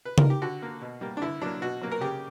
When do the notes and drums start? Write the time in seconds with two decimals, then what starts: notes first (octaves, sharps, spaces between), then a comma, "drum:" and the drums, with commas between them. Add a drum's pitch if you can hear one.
0.05 B4
0.18 A#4, drum: tom C#3
0.30 G4
0.42 D3 F#4
0.62 A#3
0.81 B2
1.01 G3 A#3
1.17 D4
1.22 D3 E4
1.41 F#3 A#3 D4
1.62 B2 F#4
1.81 F#3 A#3
1.92 A#4
2.01 C#3 G4